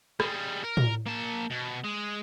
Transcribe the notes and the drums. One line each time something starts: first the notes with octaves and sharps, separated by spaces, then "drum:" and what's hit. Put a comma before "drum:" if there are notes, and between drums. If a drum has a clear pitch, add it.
G3 G#3, drum: rim click
A#4
drum: tom A2
A#3 A5
B2
G#3